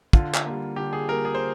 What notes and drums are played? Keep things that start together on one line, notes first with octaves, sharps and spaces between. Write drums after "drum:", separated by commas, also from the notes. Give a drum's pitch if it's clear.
D3 F4, drum: kick
drum: clap
G3 A#3
D3 G4
G#4
G3 A#3 A#4
G#4
C5